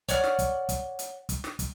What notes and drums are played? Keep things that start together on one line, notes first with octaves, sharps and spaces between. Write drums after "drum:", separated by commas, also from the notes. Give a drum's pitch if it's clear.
C#5 D5 F#5 F6, drum: kick, hi-hat
drum: snare
drum: kick, hi-hat
drum: kick, hi-hat
drum: hi-hat
drum: kick, hi-hat
drum: snare
drum: kick, hi-hat